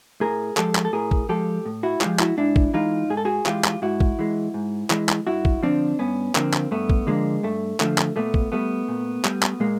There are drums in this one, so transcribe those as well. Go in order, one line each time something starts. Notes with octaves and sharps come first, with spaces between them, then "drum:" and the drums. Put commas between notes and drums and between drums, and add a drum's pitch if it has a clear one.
A2 G#4 A#4
F3 G#3 G4 A4, drum: clap
drum: clap
A4
A2 G#4 A#4
drum: kick
F3 G#3 G4 A4
A2
E4 F#4
F3 G#3 F4 G4, drum: clap
E4 F#4, drum: clap
G#2 D4 E4
drum: kick
E3 G#3 D#4 F4
G#2 G#4
A4
F#4 G#4
E3 G#3 F4 G4, drum: clap
drum: clap
G#2 E4 F#4
drum: kick
E3 G#3
G#2
E3 G#3, drum: clap
drum: clap
G2 E4 F#4
drum: kick
D3 F3 C4 D4
G2 B3 C#4
D3 F3 A#3 C4, drum: clap
drum: clap
G2 A3 B3
drum: kick
D3 F3 G#3 A#3
G2 A3
D3 F3 A3, drum: clap
drum: clap
A#2 A3 B3
drum: kick
G3 A3 B3
A#2
G3, drum: clap
drum: clap
A#2 G#3 A#3